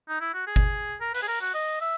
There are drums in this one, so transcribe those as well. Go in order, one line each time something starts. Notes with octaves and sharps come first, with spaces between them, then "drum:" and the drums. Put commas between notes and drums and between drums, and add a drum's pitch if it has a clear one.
D#4
E4
F#4
G#4
drum: kick G1
A#4
B4, drum: open hi-hat
G#4
A#4
F#4
D#5
E5